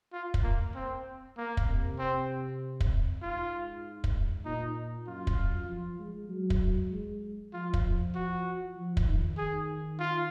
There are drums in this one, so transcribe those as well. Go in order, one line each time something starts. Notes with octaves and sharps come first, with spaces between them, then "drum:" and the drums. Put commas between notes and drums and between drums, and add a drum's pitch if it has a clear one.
F4
drum: kick
A#3
C4
A#3
drum: kick
C3
C4
drum: kick
G#2 F4
drum: kick
A#2 D#4
F#2 F4
drum: kick
F#2
F3
G#3
F#3
drum: kick
G#3
F3 F4
drum: kick
F#4
F3
drum: kick
D#3
G#4
F4